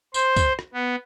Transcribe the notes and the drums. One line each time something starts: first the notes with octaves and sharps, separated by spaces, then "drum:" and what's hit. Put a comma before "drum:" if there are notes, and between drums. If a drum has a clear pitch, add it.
C5, drum: tambourine
drum: kick, tambourine
drum: rim click
B3